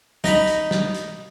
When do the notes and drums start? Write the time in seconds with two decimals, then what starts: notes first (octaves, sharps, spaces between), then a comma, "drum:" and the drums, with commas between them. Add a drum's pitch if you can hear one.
0.24 D#4 A#5 B5, drum: snare
0.48 drum: hi-hat
0.71 drum: snare
0.94 drum: hi-hat